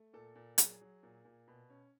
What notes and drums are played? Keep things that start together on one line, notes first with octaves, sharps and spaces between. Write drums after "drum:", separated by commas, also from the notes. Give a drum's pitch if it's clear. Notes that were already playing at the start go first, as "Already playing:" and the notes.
Already playing: A3
A#2 A4
A#2
F#3 G#4, drum: hi-hat
F#3
A#2
A#2
B2
C#4